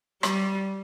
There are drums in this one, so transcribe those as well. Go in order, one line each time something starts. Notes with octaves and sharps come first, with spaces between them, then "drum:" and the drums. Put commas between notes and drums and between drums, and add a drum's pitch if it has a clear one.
G3, drum: rim click